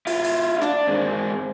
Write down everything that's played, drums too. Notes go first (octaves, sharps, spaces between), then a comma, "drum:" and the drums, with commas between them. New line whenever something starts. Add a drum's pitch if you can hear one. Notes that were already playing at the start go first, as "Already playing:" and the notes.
E4 F4, drum: open hi-hat
drum: open hi-hat
D4, drum: snare
G#3 C4